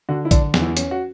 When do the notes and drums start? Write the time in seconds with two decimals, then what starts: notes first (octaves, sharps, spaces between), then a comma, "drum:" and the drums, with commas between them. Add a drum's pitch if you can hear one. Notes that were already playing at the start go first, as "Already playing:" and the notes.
0.09 D3 F#4
0.25 E4
0.31 D3 D4, drum: kick, hi-hat
0.54 E2, drum: snare
0.62 E4
0.77 C#4, drum: hi-hat
0.91 F#4